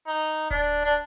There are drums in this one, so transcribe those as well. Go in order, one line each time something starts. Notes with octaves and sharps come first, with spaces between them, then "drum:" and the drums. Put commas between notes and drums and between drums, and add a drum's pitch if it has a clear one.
D#4, drum: hi-hat
D4, drum: kick D1, hi-hat
D4